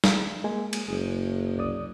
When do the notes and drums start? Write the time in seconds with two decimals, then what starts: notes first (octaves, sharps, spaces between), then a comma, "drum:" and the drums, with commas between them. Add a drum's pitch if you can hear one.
0.04 drum: snare
0.44 G#3 A#3 G#5
0.73 drum: cymbal
0.88 F#1 G#4
1.58 C2 D5 D#6